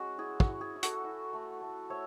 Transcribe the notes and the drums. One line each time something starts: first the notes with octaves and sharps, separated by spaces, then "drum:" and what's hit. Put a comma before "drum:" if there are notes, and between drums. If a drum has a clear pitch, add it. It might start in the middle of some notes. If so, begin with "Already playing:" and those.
Already playing: G#3 C#4 F#4
E4 G#4
F#4, drum: kick
E4
G#4
E4
F#4 A4, drum: hi-hat
E4
A3
A3
A3 C#5 E5